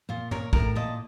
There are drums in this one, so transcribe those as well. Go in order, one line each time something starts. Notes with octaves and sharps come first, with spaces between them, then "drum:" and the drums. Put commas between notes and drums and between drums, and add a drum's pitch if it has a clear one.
A#2 F4
A#4 C#5, drum: tom
A2 A#4, drum: kick
A#2 D#5 A5